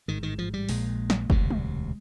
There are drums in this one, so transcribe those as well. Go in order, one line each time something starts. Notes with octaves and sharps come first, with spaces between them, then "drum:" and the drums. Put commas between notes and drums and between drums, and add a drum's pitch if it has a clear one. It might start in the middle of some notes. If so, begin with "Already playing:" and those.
A1 G#2 D#3
D#3
F3
G3
A#1 A#2 G#3, drum: open hi-hat
drum: snare
E1 D2 C3, drum: kick F#1
drum: tom